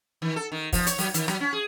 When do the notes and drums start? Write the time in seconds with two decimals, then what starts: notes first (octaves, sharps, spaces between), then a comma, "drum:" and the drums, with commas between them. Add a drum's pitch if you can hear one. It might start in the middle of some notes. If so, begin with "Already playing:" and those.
0.22 D#3
0.36 A4
0.52 D#3
0.73 F3, drum: kick, open hi-hat
0.87 C#5, drum: hi-hat
0.99 F#3, drum: open hi-hat
1.14 D#3, drum: hi-hat
1.28 F#3, drum: rim click
1.40 C#4
1.53 G#4